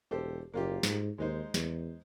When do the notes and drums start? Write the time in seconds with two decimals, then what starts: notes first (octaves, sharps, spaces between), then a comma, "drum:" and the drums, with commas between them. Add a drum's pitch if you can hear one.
0.11 E1 G4 A4 C5
0.54 F#1 A#3 F4 G4
0.83 G#2, drum: snare
1.18 D#2 G#3 D#4 C5
1.54 E2, drum: snare